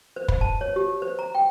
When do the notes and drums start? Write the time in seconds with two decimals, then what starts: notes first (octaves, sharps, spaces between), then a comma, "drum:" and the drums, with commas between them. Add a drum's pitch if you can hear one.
0.16 C5
0.28 B5, drum: kick
0.41 A5
0.61 C#5
0.76 G4
1.02 C5
1.19 A#5
1.35 G5